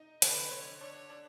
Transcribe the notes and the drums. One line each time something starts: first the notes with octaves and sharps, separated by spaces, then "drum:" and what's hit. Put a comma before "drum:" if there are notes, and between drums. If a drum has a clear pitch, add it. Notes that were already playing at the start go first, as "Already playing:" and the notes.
Already playing: D#4
D3 B4, drum: hi-hat
D3 C#5
D4 C#5
D4